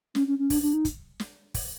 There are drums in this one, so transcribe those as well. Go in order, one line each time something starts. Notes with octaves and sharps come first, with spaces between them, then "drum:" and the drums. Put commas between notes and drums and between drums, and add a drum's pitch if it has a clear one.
C#4, drum: snare
C#4
C#4
D4, drum: kick, open hi-hat
D4
D#4
drum: kick, hi-hat
drum: snare
drum: kick, open hi-hat